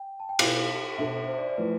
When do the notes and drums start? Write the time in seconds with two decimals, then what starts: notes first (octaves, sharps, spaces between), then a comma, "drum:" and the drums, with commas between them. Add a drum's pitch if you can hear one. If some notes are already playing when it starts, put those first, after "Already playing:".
Already playing: G5
0.20 A5
0.29 G5
0.39 B2 B3 E4 B4 F5, drum: cymbal
0.98 B2 B3 D4 A4 C5 E5
1.28 C5
1.38 D5
1.48 D5
1.57 F3 A3 E4 B4